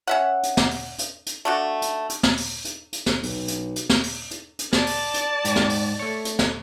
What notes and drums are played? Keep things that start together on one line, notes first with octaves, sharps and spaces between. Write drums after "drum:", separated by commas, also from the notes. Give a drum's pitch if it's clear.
C#4 E5 F#5
drum: hi-hat
drum: snare
drum: open hi-hat
drum: hi-hat
drum: hi-hat
A3 D4 F#4
drum: hi-hat
drum: hi-hat
drum: snare
drum: open hi-hat
drum: hi-hat
drum: hi-hat
drum: snare
B1, drum: open hi-hat
drum: hi-hat
drum: hi-hat
drum: snare
drum: open hi-hat
drum: hi-hat
drum: hi-hat
D5 A5, drum: snare
drum: open hi-hat
drum: hi-hat
G#2 G4, drum: hi-hat
drum: snare
drum: open hi-hat
A3 C#5
drum: hi-hat
drum: snare